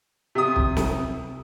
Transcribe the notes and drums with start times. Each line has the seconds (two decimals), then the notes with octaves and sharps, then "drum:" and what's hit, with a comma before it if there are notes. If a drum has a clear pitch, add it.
0.35 C3 D#6
0.56 drum: kick
0.77 drum: snare